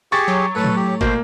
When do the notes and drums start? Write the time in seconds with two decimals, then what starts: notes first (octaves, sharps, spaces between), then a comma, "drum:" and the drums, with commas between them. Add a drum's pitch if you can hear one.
0.12 E4 G4 G#4 C#6 A6
0.28 F#3
0.55 A2 A3 A4 B4
0.64 drum: tom
0.76 G4
1.01 B2 A#3 C5, drum: kick